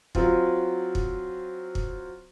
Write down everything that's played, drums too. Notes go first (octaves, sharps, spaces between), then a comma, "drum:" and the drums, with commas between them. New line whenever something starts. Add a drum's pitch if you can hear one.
F#3 C4 F4, drum: kick
drum: kick
drum: kick